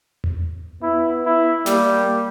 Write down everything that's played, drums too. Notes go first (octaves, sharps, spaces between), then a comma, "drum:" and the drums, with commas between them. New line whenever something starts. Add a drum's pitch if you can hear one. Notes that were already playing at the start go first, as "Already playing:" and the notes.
drum: tom E2
B3 E4
E4
G3 A#3, drum: snare